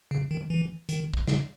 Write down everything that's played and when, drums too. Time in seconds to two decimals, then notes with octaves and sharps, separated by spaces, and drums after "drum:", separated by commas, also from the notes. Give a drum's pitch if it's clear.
0.11 C#3
0.31 D#3
0.50 E3
0.89 D#3, drum: hi-hat
1.14 drum: kick
1.27 C#3, drum: snare